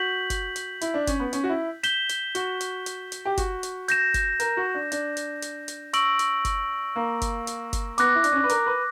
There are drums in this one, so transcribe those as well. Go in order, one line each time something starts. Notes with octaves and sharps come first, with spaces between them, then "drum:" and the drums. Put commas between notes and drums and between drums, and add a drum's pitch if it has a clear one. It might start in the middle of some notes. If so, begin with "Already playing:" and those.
Already playing: F#4 G6 B6 F#7
drum: kick F#1, hi-hat
drum: hi-hat
E4, drum: hi-hat
D4
C#4, drum: kick F#1, hi-hat
B3
C#4, drum: hi-hat
F#4
E4
G6 B6 E7 G7, drum: hi-hat
drum: hi-hat
F#4, drum: hi-hat
drum: hi-hat
drum: hi-hat
drum: hi-hat
G4
F#4, drum: kick F#1, hi-hat
drum: hi-hat
G6 A#6 E7, drum: hi-hat
drum: kick F#1, hi-hat
A#4, drum: hi-hat
F#4
D4
D4, drum: hi-hat
drum: hi-hat
drum: hi-hat
drum: hi-hat
C#6 E6 A#6 D7 F#7, drum: hi-hat
drum: hi-hat
drum: kick F#1, hi-hat
A#3
drum: kick F#1, hi-hat
drum: hi-hat
drum: kick F#1, hi-hat
B3 D6 F#6 A#6, drum: hi-hat
E4
D4, drum: hi-hat
C#4
D4
B4
A#4, drum: hi-hat
B4